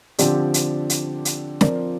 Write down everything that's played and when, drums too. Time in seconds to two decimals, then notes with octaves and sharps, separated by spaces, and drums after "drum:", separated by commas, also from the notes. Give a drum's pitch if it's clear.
0.18 D3 F3 C4 G4 D5, drum: hi-hat
0.54 drum: hi-hat
0.90 drum: hi-hat
1.25 drum: hi-hat
1.61 F3 C4 F4 A#4 D5, drum: snare